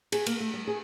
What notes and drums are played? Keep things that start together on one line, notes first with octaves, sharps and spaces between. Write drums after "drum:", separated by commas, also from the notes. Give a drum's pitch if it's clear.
G#4, drum: cymbal
A#3, drum: cymbal
A3
G3
G#4